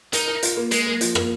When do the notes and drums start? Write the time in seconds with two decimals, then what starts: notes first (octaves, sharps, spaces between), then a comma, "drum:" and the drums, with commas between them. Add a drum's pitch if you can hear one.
0.13 D#4 A#4, drum: hi-hat
0.28 A#4
0.43 F4, drum: hi-hat
0.57 A#3
0.71 G#3 A#3, drum: hi-hat
0.86 A#3
1.01 F3, drum: hi-hat
1.15 A#3, drum: rim click